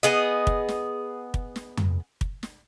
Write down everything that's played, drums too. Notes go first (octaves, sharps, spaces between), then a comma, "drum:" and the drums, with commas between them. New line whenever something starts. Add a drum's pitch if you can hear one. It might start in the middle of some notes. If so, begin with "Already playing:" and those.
B3 G#4 D#5
drum: kick
drum: snare
drum: kick
drum: snare
drum: tom F2
drum: kick
drum: snare